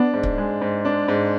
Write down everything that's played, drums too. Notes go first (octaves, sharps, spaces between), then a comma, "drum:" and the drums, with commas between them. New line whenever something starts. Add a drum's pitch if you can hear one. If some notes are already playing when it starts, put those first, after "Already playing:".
Already playing: B3 D4
G#2
drum: kick C#1
G#3
G#2
D4
G#2